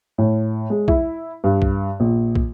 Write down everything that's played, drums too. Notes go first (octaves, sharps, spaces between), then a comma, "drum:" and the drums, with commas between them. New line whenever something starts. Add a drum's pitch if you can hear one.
A2
G#3
E4, drum: kick
G2
drum: kick
A#1
drum: kick